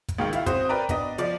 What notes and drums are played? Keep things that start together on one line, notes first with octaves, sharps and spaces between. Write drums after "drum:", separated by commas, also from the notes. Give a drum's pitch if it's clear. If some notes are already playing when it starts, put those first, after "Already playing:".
drum: kick, hi-hat
C#2 D#3 F5 G5
E4 F5, drum: hi-hat
C4 F#4 C5 D#6, drum: kick, hi-hat
A#4 B4 D5 G5 A#5
B3 D4 D#5, drum: kick, hi-hat
F3 D5, drum: hi-hat